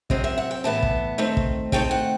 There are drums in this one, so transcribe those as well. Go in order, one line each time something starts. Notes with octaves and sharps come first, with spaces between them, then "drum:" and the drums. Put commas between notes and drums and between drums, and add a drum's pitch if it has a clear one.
C3 F#3 C4 D#5, drum: kick
E5
F#5
G5
A2 E3 B3 A5
drum: kick
D#3 A3 C4
drum: kick
D#3 A3 C4 G5, drum: kick
F#5